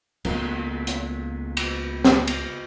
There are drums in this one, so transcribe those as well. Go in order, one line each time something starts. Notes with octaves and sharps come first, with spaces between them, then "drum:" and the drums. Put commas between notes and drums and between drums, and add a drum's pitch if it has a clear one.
C#2 F#3 A#3 B3, drum: cymbal
drum: hi-hat
drum: cymbal
drum: snare
drum: cymbal